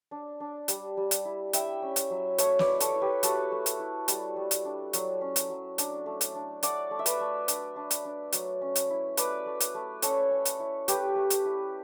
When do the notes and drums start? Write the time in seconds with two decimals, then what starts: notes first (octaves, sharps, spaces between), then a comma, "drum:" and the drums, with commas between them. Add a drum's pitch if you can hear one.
0.11 D4
0.40 D4
0.68 G3, drum: hi-hat
0.97 G3
1.11 drum: hi-hat
1.25 E4
1.53 E4 E5 G5, drum: hi-hat
1.82 C#4
1.96 drum: hi-hat
2.10 F#3
2.38 A3 C#5 E5, drum: hi-hat
2.59 B4 D5, drum: snare
2.67 E4
2.80 A4 C#5, drum: hi-hat
2.95 E4
3.02 G4 B4
3.23 A3 F#4 A4, drum: hi-hat
3.52 A3
3.66 drum: hi-hat
3.79 E4
4.08 G3, drum: hi-hat
4.36 G3
4.51 drum: hi-hat
4.65 D4
4.93 F#3, drum: hi-hat
5.21 C#4
5.36 drum: hi-hat
5.49 F#3
5.78 D4, drum: hi-hat
6.06 A3
6.21 drum: hi-hat
6.35 D4
6.63 A3 D5 F#5, drum: hi-hat
6.91 A3
6.99 E5
7.06 B4 D5, drum: hi-hat
7.20 A3
7.48 D4, drum: hi-hat
7.76 D4
7.91 drum: hi-hat
8.05 D4
8.32 F#3, drum: hi-hat
8.61 C#4
8.75 drum: hi-hat
8.90 E4
9.17 A3 B4 D5, drum: hi-hat
9.46 A3
9.60 drum: hi-hat
9.74 A3
10.02 C#4 A4 C#5, drum: hi-hat
10.31 C#4
10.45 drum: hi-hat
10.59 E4
10.88 A3 G4 B4, drum: hi-hat
11.16 A3
11.30 drum: hi-hat
11.45 E4